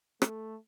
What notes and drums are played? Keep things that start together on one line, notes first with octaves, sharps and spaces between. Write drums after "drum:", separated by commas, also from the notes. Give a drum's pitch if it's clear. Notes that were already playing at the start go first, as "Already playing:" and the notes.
A3, drum: rim click